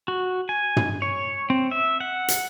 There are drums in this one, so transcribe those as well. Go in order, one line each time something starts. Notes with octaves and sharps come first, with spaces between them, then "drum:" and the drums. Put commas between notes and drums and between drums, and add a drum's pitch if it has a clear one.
F#4
G#5
drum: tom
C#5
C4
E5
F#5
drum: hi-hat